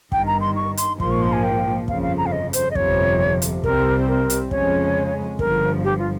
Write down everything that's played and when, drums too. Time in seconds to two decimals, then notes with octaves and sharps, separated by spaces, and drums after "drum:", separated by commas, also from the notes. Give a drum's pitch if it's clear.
0.12 G1 G2 D#3 G5, drum: kick
0.27 A#5
0.41 C6
0.56 C#6
0.77 C6, drum: hi-hat
1.00 A#1 G#2 F3 A#3 C6, drum: kick
1.11 C#6
1.22 C6
1.32 G#5
1.44 G5
1.88 G1 F2 C#3 F3 F5, drum: kick
2.02 F5
2.17 A#5
2.26 F5
2.32 D#5
2.53 C5, drum: hi-hat
2.71 D#5
2.75 G1 F2 C3 F3 C#5, drum: kick
3.42 drum: hi-hat
3.64 C2 C3 G3 C4 A#4, drum: kick
4.08 A#4
4.30 drum: hi-hat
4.51 F2 C#3 F3 G#3 C#4 C#5, drum: kick
5.39 G1 G2 F3 A#4, drum: kick
5.84 G4
5.98 F4